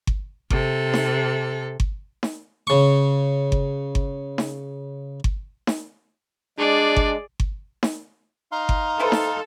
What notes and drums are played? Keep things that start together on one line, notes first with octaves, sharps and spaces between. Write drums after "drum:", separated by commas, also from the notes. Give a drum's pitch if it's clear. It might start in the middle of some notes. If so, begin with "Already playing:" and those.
drum: kick G1
C3 A4, drum: kick G1
drum: snare D#4
drum: kick G1
drum: snare D#4
C#3 C#6
drum: kick G1
drum: kick G1
drum: snare D#4
drum: kick G1
drum: snare D#4
G#3 D4 G#4 D5
drum: kick G1
drum: kick G1
drum: snare D#4
D#4 F5 A#5 C6
drum: kick G1
E4 A4 B4 C5
drum: snare D#4